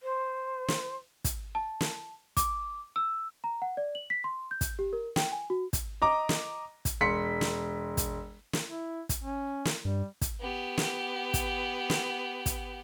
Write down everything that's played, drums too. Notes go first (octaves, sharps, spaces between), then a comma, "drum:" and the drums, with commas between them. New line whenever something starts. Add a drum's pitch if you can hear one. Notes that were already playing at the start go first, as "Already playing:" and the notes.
C5
drum: snare
drum: kick, hi-hat
A5
drum: snare
D6, drum: kick, hi-hat
E6
A#5
F#5
D5
F#7
B6
C6
G6
drum: kick, hi-hat
G4
A#4
G5, drum: snare
G#5
F#4
drum: kick, hi-hat
D#5 A#5 D6
drum: snare
drum: kick, hi-hat
E1 C6 B6 C#7
drum: snare
drum: kick, hi-hat
drum: snare
E4
drum: kick, hi-hat
C#4
drum: snare
G2 G3
drum: kick, hi-hat
B3 G4
drum: snare
drum: kick, hi-hat
drum: snare
drum: kick, hi-hat